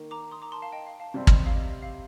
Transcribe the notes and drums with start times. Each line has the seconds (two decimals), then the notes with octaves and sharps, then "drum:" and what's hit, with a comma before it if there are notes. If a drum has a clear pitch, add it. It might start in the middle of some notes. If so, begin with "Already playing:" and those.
Already playing: D#3 A#3
0.11 A#5 D6
0.32 C6 D#6
0.42 A#5 D6
0.52 A5 C6
0.62 F5 A5
0.72 D#5 G5
0.87 F5
1.00 F5 A5
1.14 C3 G3 C4
1.27 D#5, drum: kick
1.46 F5
1.55 D#5
1.69 D#5
1.82 F5